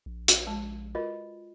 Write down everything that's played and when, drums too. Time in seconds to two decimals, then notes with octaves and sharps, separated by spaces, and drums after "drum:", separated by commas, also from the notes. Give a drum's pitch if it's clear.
0.06 A#1
0.28 drum: hi-hat
0.47 G#3 A5
0.95 F4 F#4 A#4 B4 D#5